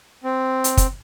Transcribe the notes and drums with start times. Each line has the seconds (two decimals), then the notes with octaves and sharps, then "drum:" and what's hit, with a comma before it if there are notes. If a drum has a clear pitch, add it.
0.24 C4
0.64 drum: hi-hat
0.77 drum: kick, hi-hat